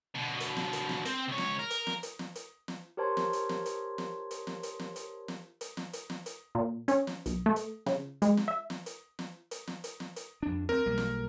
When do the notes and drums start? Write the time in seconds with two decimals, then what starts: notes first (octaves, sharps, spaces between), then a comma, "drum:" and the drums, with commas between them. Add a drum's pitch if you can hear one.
0.15 B2 D3
0.40 drum: hi-hat
0.57 drum: snare
0.73 drum: hi-hat
0.89 drum: snare
1.05 C4 C5, drum: hi-hat
1.28 C#2 C#5
1.38 drum: snare
1.59 A#4
1.70 drum: hi-hat
1.87 drum: snare
2.03 drum: hi-hat
2.19 drum: snare
2.35 drum: hi-hat
2.68 drum: snare
2.97 G4 A#4 C5 C#5 A5 C6
3.17 drum: snare
3.33 drum: hi-hat
3.49 drum: snare
3.66 drum: hi-hat
3.98 drum: snare
4.31 drum: hi-hat
4.47 drum: snare
4.63 drum: hi-hat
4.79 drum: snare
4.96 drum: hi-hat
5.28 drum: snare
5.61 drum: hi-hat
5.77 drum: snare
5.93 drum: hi-hat
6.10 drum: snare
6.26 drum: hi-hat
6.55 A#2
6.88 C#4, drum: hi-hat
7.07 drum: snare
7.26 B1, drum: hi-hat
7.46 A3
7.56 drum: hi-hat
7.86 C#3, drum: snare
8.22 G#3, drum: hi-hat
8.37 drum: snare
8.48 E5
8.70 drum: snare
8.86 drum: hi-hat
9.19 drum: snare
9.51 drum: hi-hat
9.67 drum: snare
9.84 drum: hi-hat
10.00 drum: snare
10.16 drum: hi-hat
10.43 F2 D4
10.69 D2 C4 A#4
10.86 B1 G3 A#3
10.98 drum: snare